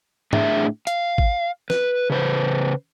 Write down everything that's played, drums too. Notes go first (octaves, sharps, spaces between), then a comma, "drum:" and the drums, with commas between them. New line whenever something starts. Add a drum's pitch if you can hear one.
A2 D4 E4 G#4 E5, drum: tom
F5, drum: hi-hat
drum: kick
B4, drum: snare
C#3 B4 C5